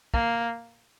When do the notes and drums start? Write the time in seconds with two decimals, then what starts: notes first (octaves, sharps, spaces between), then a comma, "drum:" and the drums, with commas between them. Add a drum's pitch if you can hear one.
0.14 A#3, drum: kick